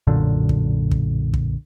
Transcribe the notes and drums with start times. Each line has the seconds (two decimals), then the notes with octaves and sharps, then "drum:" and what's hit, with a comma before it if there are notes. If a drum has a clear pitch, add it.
0.07 B1 F#2 A#2 D3
0.49 drum: kick
0.91 drum: kick
1.34 drum: kick